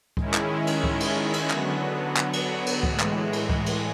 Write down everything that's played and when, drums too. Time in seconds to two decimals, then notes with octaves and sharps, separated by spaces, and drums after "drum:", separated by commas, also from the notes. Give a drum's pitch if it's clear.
0.17 D#3 G#3 C#4 E4, drum: kick C#2
0.34 drum: clap
0.67 drum: cymbal
0.84 drum: kick C#2
1.00 drum: cymbal
1.33 drum: cymbal
1.50 D3 F#3 B3, drum: clap
2.17 drum: clap
2.33 drum: cymbal
2.66 drum: cymbal
2.83 A2 E3 G#3, drum: kick C#2
3.00 drum: clap
3.33 drum: cymbal
3.49 drum: kick C#2
3.66 drum: cymbal